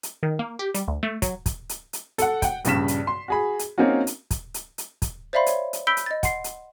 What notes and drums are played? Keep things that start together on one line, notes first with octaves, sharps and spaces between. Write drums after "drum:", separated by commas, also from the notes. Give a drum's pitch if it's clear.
drum: hi-hat
D#3
A#3
G4
G3, drum: hi-hat
D2
A3
F#3, drum: kick, hi-hat
drum: kick, hi-hat
drum: hi-hat
drum: hi-hat
A4 F#5, drum: hi-hat
F#5 G5, drum: kick, hi-hat
A#1 G2 C#3 B6 E7, drum: hi-hat
drum: hi-hat
C6
F#4 G#4 B5
drum: hi-hat
A#3 C4 C#4 D#4 F4 F#4
drum: hi-hat
drum: kick, hi-hat
drum: hi-hat
drum: hi-hat
drum: kick, hi-hat
C5 D5 E5 F5 B5 C6
C#5, drum: hi-hat
drum: hi-hat
B5 E6 G6 B6 D7 G7
drum: hi-hat
D#5 A6
F#5 C6 C7, drum: kick, hi-hat
drum: hi-hat